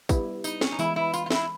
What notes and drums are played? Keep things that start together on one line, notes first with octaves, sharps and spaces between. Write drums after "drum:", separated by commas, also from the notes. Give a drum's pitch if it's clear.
G3 B3 E4, drum: kick, tambourine
D#4, drum: tambourine
C#4, drum: snare
D#4
E3 G#3 B3 E4, drum: tambourine
E4
F4, drum: tambourine
F4
E4, drum: snare